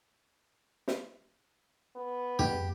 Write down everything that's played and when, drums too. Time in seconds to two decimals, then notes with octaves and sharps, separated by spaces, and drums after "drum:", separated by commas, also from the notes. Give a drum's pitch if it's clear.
0.88 drum: snare
1.96 B3
2.39 G4, drum: tom